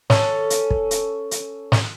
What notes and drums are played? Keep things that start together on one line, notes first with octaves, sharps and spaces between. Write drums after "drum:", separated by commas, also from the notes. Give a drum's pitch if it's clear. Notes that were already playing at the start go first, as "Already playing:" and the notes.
C#4 A4, drum: snare
drum: hi-hat
drum: kick
drum: hi-hat
drum: hi-hat
drum: snare